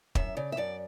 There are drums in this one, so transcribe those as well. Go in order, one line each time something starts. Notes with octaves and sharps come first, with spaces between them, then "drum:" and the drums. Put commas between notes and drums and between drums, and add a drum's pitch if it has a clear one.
F#2 E5, drum: kick
C#3 D5
E5
F#2 D5